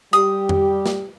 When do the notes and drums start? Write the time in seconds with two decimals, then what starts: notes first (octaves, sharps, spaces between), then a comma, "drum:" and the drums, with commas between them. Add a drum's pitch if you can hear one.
0.13 G3 G4 D#6, drum: hi-hat
0.49 drum: tom F2
0.86 drum: snare